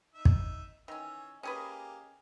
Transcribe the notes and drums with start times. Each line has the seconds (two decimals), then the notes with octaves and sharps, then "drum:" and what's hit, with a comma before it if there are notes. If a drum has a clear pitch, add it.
0.15 D#4 E5
0.25 drum: kick
0.88 D#3 E3 C#4 E6
1.43 A#3 C#4 G4 G#4 B4 D#5